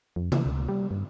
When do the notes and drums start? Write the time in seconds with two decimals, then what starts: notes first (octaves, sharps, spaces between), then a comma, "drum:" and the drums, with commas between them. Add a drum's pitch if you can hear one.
0.16 F2
0.32 E3, drum: tom C3
0.46 C#2
0.69 G3
0.91 G2